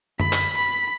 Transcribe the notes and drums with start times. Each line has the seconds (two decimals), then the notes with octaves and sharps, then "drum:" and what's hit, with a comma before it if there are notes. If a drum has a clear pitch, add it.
0.20 B5, drum: tom
0.33 drum: clap
0.57 B5